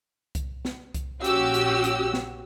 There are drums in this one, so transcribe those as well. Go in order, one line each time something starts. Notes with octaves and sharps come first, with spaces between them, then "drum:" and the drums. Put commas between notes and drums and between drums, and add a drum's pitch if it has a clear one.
drum: kick C2, hi-hat
drum: snare
drum: kick C2, hi-hat
A#1 C#4 F#4 G4 E6, drum: hi-hat
drum: hi-hat
drum: hi-hat
drum: snare